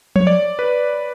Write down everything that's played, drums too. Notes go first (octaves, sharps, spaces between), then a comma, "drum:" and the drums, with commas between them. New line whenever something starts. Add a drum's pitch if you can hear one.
C#5, drum: tom F3
D5
B4